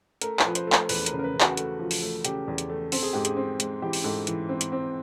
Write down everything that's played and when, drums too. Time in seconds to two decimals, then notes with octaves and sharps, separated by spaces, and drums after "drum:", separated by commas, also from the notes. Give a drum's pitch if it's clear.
0.22 A3 A#4, drum: hi-hat
0.39 B4, drum: clap
0.45 F3
0.55 C5, drum: hi-hat
0.67 A3
0.72 C5, drum: clap
0.89 E2 B4, drum: open hi-hat
1.06 A#4, drum: hi-hat
1.12 C#3
1.19 A#4
1.24 B4
1.34 C#3
1.41 F#4, drum: clap
1.57 A3, drum: hi-hat
1.79 F3
1.91 drum: open hi-hat
2.02 A3
2.25 C#3 G4, drum: hi-hat
2.48 E2
2.58 drum: hi-hat
2.70 A3
2.92 C4 A4, drum: open hi-hat
3.03 G#4
3.13 G#2 G4
3.25 G#4, drum: hi-hat
3.37 C4
3.60 G#3, drum: hi-hat
3.82 E3 G4
3.93 drum: open hi-hat
4.04 G#2 A4
4.27 E3, drum: hi-hat
4.49 C4
4.61 drum: hi-hat
4.72 C4